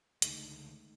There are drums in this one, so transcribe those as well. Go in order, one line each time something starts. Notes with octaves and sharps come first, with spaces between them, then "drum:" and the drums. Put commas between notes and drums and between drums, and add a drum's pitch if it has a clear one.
C#2 D3 G#3 A3 D#4, drum: hi-hat